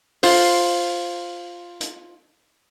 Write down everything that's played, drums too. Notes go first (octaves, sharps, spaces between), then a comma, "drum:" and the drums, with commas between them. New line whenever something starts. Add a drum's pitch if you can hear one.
F4 C5, drum: open hi-hat
drum: hi-hat